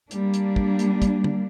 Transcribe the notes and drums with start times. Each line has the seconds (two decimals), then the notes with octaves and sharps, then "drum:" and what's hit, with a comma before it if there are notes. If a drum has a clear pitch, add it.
0.11 G3 A#3 D4, drum: hi-hat
0.34 drum: hi-hat
0.56 drum: kick
0.79 drum: hi-hat
1.02 drum: kick, hi-hat
1.24 drum: tom